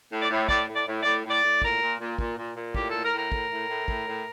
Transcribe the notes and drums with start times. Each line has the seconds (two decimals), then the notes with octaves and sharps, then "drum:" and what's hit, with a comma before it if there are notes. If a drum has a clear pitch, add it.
0.11 A2
0.20 D5
0.30 A2
0.49 A2 D5, drum: kick
0.68 A2
0.76 D5
0.87 A2
1.02 A2 D5
1.24 A2
1.30 D5
1.44 A2
1.62 A#2 A#4, drum: kick
1.81 A#2
2.00 A#2
2.19 A#2, drum: kick
2.38 A#2
2.56 A#2
2.75 A2 G4, drum: kick
2.89 A2 A4
3.03 A#4
3.13 A2 A#4
3.32 A2, drum: kick
3.50 A2
3.68 A2
3.88 A2, drum: kick
4.07 A2